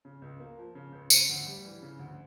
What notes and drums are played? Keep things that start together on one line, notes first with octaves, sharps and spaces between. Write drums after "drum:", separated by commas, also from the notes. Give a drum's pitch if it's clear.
C#3
C#2
A#3
F3
C#3
C#2
C#3, drum: tambourine
D2
G3
E3
C#3
D2